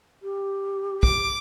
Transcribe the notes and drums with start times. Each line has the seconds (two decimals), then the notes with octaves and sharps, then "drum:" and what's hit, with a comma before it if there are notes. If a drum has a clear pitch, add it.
0.23 G4
1.03 D6, drum: kick